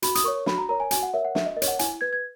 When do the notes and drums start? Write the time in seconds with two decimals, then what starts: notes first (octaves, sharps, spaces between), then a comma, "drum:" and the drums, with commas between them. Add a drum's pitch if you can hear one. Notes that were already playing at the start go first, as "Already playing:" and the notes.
0.02 F#4 B5, drum: hi-hat
0.15 D#6, drum: hi-hat
0.24 A#4 C#5 C#6
0.46 F#4 B5, drum: snare
0.58 A#5
0.69 A#4 C#5 A#5
0.80 G#5
0.91 F#4 G#5, drum: hi-hat
1.03 F#5
1.14 A#4 C#5 E5
1.25 F#5
1.35 F#4 E5, drum: snare
1.46 D#5
1.56 A#4 D#5
1.62 C#5, drum: hi-hat
1.68 F#5
1.79 E4 G#5, drum: hi-hat
2.01 B4 G#6
2.13 G#6